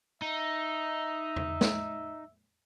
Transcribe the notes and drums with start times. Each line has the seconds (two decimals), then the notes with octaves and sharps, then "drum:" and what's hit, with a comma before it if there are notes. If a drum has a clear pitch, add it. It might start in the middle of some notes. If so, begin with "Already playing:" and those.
0.22 D#4 E5
1.36 drum: tom E2
1.61 drum: snare